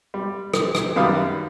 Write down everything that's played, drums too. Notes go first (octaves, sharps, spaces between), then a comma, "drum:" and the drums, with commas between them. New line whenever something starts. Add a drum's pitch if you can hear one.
G3
drum: rim click
drum: rim click
F#2 D#3 G3 B3 F5 D#6